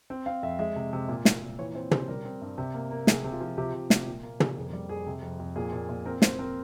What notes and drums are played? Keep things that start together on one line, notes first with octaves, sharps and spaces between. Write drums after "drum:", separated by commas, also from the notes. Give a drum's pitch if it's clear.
C4
C4 F5
F2 E5
G#3 E5
C3
C3
A#2
A#2, drum: snare
A#2
E3 C#5
C4 C5
C4 C5, drum: tom
G3 A#4
C4
G2
C3
A#3
A#3
C3 G#4, drum: snare
C3
F4
F3
C3 G4
C3
C3, drum: snare
A#2
A#3
A#3, drum: tom
F2 G#4
G3
F2 G#4
C3
F2
F2
A#2 G#4
A#2
A#2
C4 A#4
C4 C5, drum: snare
C4 A#4